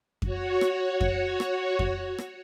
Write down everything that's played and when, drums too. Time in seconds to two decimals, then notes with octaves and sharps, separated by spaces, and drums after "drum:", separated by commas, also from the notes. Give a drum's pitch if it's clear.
0.22 F#4 C#5, drum: kick F2
0.61 drum: rim click
1.01 drum: kick F2
1.40 drum: rim click
1.79 drum: kick F2
2.18 drum: rim click